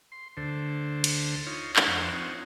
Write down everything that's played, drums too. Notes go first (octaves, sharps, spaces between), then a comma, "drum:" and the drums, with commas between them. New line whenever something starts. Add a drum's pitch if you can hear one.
C6
D2 D3 A4 C5
drum: cymbal
D#4 F4 C#5
drum: clap
F2 D4 C5 C#5 F#5 E6
C4 D#4 F4 C#5 F#5